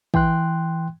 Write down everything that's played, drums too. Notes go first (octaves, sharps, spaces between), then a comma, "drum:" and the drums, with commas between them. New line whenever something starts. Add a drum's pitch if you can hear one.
E3 G5 C6 F#6, drum: kick A#1